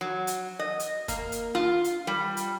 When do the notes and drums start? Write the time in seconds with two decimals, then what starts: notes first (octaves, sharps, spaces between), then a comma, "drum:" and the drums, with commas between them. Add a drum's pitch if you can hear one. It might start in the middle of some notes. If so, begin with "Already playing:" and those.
0.01 F#3
0.27 drum: hi-hat
0.59 D#5
0.80 drum: hi-hat
1.08 A#3, drum: kick F#1, hi-hat
1.32 drum: hi-hat
1.55 F4
1.84 drum: hi-hat
2.07 G3
2.37 drum: hi-hat